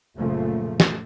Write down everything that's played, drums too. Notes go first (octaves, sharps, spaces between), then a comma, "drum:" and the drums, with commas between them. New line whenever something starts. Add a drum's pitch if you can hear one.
F#1 A#2 C#3 F3 A3
drum: snare